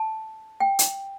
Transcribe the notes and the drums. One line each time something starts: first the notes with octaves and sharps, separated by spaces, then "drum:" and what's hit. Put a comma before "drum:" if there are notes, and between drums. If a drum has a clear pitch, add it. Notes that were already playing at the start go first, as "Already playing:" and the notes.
Already playing: A5
G5
drum: hi-hat